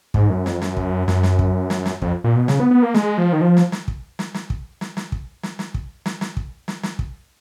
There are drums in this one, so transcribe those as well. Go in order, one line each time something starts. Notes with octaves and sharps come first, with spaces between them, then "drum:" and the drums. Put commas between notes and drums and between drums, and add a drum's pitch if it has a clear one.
G#2, drum: kick
F#2
F2, drum: snare
F#2, drum: snare
drum: kick
F#2, drum: snare
drum: snare
drum: kick
drum: snare
drum: snare
F2, drum: kick
A#2
B2
C#3, drum: snare
B3
B3
A#3
G#3, drum: snare
F3
D#3
F3
drum: snare
drum: snare
drum: kick
drum: snare
drum: snare
drum: kick
drum: snare
drum: snare
drum: kick
drum: snare
drum: snare
drum: kick
drum: snare
drum: snare
drum: kick
drum: snare
drum: snare
drum: kick